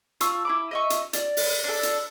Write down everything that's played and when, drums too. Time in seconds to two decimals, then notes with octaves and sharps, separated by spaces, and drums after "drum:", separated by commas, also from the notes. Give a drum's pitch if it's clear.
0.21 F4 A5 C#6 E6, drum: hi-hat
0.45 E4 B5 D6
0.71 D#5 E5 C#6
0.90 drum: hi-hat
1.13 D5, drum: hi-hat
1.37 drum: open hi-hat
1.64 D4 A4
1.83 drum: hi-hat